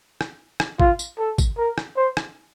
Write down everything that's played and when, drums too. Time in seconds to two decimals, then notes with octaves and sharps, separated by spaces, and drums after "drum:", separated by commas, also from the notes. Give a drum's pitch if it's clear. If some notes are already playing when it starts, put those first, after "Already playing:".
0.21 drum: rim click
0.60 drum: rim click
0.80 F4, drum: kick A1
0.99 drum: tambourine
1.19 A4
1.38 drum: kick A1, tambourine
1.58 A#4
1.78 drum: rim click
1.97 C5
2.17 drum: rim click